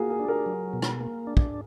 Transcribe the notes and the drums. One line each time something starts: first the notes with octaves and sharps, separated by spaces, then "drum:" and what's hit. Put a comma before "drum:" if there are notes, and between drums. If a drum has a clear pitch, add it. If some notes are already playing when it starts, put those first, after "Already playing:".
Already playing: A#3 F4 F#4 G#4
G#4
D4
A#4
F#3
B2
drum: rim click
A#3
D4
drum: kick